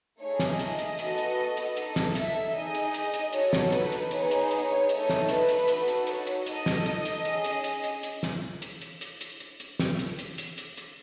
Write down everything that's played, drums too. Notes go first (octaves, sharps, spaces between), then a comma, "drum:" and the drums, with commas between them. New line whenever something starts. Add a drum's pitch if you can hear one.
A3 D#4 G#4 C#5
drum: snare
D#5, drum: hi-hat
drum: hi-hat
B3 F#4 A4, drum: hi-hat
drum: hi-hat
drum: hi-hat
D#4 A4, drum: hi-hat
drum: snare
E5, drum: hi-hat
D#4 G#4 D#5
drum: hi-hat
drum: hi-hat
drum: hi-hat
D#4 F#4 A4 C#5, drum: hi-hat
drum: snare
B4, drum: hi-hat
drum: hi-hat
B3 D#4 G#4 C#5, drum: hi-hat
drum: hi-hat
C#5, drum: hi-hat
A3 D#4 A4, drum: hi-hat
drum: snare
B4, drum: hi-hat
drum: hi-hat
D#4 F#4 A4, drum: hi-hat
drum: hi-hat
C#5, drum: hi-hat
drum: hi-hat
D#4 A4 D#5, drum: hi-hat
drum: snare
drum: hi-hat
drum: hi-hat
C#4 G#4, drum: hi-hat
drum: hi-hat
drum: hi-hat
drum: hi-hat
drum: hi-hat
drum: snare
drum: hi-hat
drum: hi-hat
drum: hi-hat
drum: hi-hat
drum: hi-hat
drum: hi-hat
drum: snare
drum: hi-hat
drum: hi-hat
drum: hi-hat
drum: hi-hat
drum: hi-hat